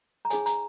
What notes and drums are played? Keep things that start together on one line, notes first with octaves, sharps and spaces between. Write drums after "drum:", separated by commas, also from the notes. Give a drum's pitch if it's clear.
A#5
D#4 G#4 C#5 G#5, drum: hi-hat
A#5, drum: hi-hat